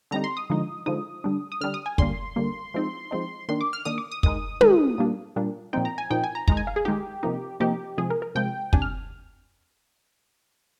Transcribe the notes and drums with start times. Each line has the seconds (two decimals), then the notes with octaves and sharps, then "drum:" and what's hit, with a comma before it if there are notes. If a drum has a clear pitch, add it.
0.11 D3 G3 C4 D#4 A#5
0.24 C6
0.37 D#6
0.50 D3 F3 G#3 D#4
0.86 D3 F3 G#3 D#4 D#6
1.24 D3 G3 D4
1.52 D#6
1.61 D3 G3 D4 F6
1.74 D#6
1.86 G#5
1.98 D3 G3 A#3 C6, drum: kick
2.36 D3 G3 A#3
2.74 F3 G#3 C4 D#4
3.11 F3 G#3 C4 D#4
3.49 D#3 A#3 D4 C6
3.61 D6
3.73 F6
3.85 D#3 A#3 D4 D#6
3.98 D6
4.12 D#6
4.23 D#3 G#3 D#4 D#6, drum: kick
4.61 D#3 G#3 D#4, drum: tom
4.98 A#2 G3 A#3 D4
5.36 A#2 G3 A#3 D4
5.73 A#2 F3 C4 D#4 G5
5.85 A#5
5.98 G#5
6.10 A#2 F3 C4 D#4 G5
6.24 G#5
6.35 A#5
6.48 D#3 G#3 D#4 A#5, drum: kick
6.57 G#5
6.67 F5
6.76 G#4
6.85 D#3 G#3 D#4 G4
7.23 C3 F3 A#3 D#4
7.60 C3 F3 A#3 D#4 G4
7.98 C3 F3 G#3 G#4
8.10 A#4
8.22 A#4
8.35 C3 F3 G#3 G5
8.73 C3 G3 D4 G#5, drum: kick
8.82 F6